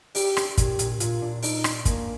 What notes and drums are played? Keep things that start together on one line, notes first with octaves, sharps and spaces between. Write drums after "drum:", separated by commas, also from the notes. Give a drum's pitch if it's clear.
D4 G4, drum: open hi-hat
D4, drum: rim click
A#2 G4, drum: kick, hi-hat
A#2, drum: hi-hat
A#2 F4, drum: hi-hat
D4
D4 D#4, drum: open hi-hat
D4, drum: rim click
G#3 A#3, drum: kick, hi-hat